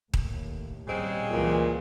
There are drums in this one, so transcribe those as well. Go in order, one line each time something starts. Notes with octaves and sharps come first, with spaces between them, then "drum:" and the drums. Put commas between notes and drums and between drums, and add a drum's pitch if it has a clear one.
D#2 A2, drum: kick D#1
G#1 A#2 C#3 G3 G#3 C4
C#2 A#2 E3 F#3